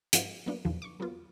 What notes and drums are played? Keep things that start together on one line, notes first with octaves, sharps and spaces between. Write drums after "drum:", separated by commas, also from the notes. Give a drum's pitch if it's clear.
G#2 F3 F4 F#4, drum: hi-hat
F#3 A#3 B3 D4
B1 E2 D#3 F3
C#6 D6
F#3 A#3 B3 F4